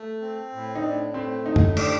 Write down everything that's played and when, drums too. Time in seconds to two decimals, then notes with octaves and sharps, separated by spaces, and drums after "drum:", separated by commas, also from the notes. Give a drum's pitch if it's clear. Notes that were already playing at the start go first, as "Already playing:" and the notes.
Already playing: A3
0.21 C4
0.52 A2
0.75 D#4
0.83 A2 D4
1.14 A3 C4
1.46 A2 D#4
1.56 drum: tom F#2
1.77 D4 G4, drum: cymbal